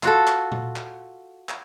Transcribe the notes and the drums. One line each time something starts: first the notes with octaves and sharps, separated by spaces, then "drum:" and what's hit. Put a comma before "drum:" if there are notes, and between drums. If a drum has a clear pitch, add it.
F4 F#4 A4, drum: clap
drum: clap
drum: tom A#2
drum: clap
drum: clap